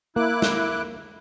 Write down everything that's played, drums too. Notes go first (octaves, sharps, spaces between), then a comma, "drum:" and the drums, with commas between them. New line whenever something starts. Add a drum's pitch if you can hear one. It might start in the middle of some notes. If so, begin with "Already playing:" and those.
A#3 E4 D6 F#6
drum: snare